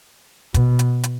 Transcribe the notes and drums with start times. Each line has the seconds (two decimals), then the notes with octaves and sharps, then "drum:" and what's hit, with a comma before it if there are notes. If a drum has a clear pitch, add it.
0.54 B2, drum: kick, hi-hat
0.79 drum: hi-hat
1.04 drum: hi-hat